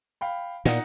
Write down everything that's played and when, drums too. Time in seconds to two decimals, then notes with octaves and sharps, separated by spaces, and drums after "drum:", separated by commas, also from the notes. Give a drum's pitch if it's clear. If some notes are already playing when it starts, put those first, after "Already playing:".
0.21 F5 G5 B5
0.65 A#2 D#4 F#5 A#6, drum: snare